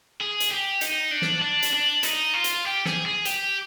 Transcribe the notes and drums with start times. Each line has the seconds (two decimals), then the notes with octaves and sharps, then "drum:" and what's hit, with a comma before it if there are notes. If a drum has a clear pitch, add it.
0.21 G#4
0.40 drum: hi-hat
0.50 G4
0.81 D#4, drum: hi-hat
1.11 D4
1.22 drum: snare
1.42 D4
1.63 drum: hi-hat
1.73 D4
2.03 D#4, drum: hi-hat
2.34 F4
2.44 drum: hi-hat
2.65 G4
2.85 G#4, drum: snare
3.06 G#4
3.25 G4, drum: hi-hat